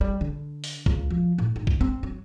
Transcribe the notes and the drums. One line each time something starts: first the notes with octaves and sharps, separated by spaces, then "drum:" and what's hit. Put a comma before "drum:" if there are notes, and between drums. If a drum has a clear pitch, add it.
G3
D3
drum: open hi-hat
C#2, drum: kick B1
F3
A2
D#4
drum: kick B1
C4
F#3